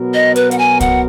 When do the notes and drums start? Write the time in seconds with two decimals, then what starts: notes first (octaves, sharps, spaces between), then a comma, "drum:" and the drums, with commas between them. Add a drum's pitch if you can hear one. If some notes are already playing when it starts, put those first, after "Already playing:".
Already playing: B2 F#3 B3 F#4 A#4
0.14 D#5
0.36 B4, drum: hi-hat
0.51 F#5, drum: hi-hat
0.59 G#5
0.81 F#5, drum: kick C2, hi-hat